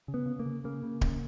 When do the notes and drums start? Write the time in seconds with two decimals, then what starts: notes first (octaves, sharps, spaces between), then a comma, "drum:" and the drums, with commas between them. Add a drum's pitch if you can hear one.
0.08 C#3
0.14 B3
0.26 C#3
0.39 A#3
0.46 C#3
0.64 C#3 A#3
0.83 C#3
1.01 C#3, drum: kick D1